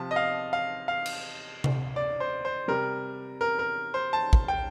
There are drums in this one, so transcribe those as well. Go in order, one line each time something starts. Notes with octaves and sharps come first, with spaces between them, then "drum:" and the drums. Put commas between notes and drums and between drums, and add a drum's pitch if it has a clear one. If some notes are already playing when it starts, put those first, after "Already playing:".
Already playing: C3 F3 A5
D#5
F5
F5
F5
drum: cymbal
drum: tom C3
D5
C5
C5
C3 G3 A#4
A#4
A#4
C5
A5
drum: kick
G5